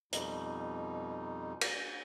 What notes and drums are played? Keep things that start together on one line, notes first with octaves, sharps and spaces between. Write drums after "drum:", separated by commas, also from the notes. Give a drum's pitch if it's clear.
F2 B2 G3 D#4, drum: hi-hat
drum: cymbal